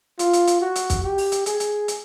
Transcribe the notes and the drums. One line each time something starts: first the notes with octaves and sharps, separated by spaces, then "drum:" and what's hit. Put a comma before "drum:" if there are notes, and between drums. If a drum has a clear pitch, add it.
F4, drum: hi-hat
drum: hi-hat
drum: hi-hat
F#4
drum: hi-hat
drum: kick, hi-hat
G4
drum: open hi-hat
drum: hi-hat
G#4, drum: hi-hat
drum: hi-hat
drum: hi-hat